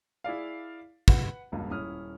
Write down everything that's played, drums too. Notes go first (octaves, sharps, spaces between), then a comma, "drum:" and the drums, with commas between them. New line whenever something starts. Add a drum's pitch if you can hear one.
E4 G#4 D5 F5
B4 F#5, drum: kick
E1 C#2 G2 A#3
D#1 C#4 E4 D#6 F6